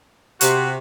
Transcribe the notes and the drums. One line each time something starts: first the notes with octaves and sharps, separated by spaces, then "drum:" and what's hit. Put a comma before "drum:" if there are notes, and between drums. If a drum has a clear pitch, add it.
C3 F#4, drum: hi-hat